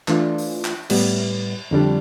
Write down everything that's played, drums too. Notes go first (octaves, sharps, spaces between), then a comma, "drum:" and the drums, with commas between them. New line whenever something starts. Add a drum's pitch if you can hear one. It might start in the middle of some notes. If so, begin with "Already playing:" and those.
E3 A3 D4 F4, drum: clap
drum: open hi-hat
drum: clap
A2 G3 B3, drum: cymbal
F2 D3 G3 D4